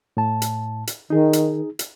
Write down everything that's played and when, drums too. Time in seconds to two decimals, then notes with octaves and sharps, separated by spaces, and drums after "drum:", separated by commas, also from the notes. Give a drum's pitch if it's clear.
0.17 A2 A5
0.42 drum: hi-hat
0.87 drum: hi-hat
1.10 D#3 D#4 G#4
1.33 drum: hi-hat
1.79 drum: hi-hat